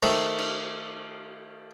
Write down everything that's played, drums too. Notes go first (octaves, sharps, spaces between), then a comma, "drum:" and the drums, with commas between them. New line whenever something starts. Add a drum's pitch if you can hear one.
D#3 A3 C5, drum: cymbal
drum: cymbal